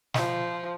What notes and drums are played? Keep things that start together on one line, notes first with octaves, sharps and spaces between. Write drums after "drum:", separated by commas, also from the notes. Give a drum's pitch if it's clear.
F3, drum: snare